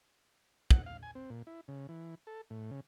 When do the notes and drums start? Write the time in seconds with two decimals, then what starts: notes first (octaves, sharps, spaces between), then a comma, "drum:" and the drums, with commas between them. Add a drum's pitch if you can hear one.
0.71 F#5, drum: kick
0.86 F5
1.03 G#5
1.15 C4
1.30 A#2
1.47 E4
1.68 C#3
1.89 E3
2.27 A4
2.50 A2
2.71 C#3